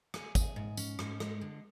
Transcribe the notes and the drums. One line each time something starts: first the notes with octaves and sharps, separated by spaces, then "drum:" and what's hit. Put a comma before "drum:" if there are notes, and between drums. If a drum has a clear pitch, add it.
G#4, drum: rim click
G#4, drum: kick, tambourine
G#2
C#4, drum: tambourine
G#2, drum: rim click
G#3, drum: rim click
D3